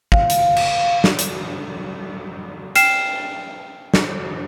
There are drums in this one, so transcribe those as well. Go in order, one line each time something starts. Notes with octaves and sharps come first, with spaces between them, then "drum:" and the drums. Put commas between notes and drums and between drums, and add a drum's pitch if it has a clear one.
F5, drum: kick
drum: hi-hat
drum: cymbal
drum: snare
drum: hi-hat
G5 F6 C7 E7, drum: hi-hat
drum: snare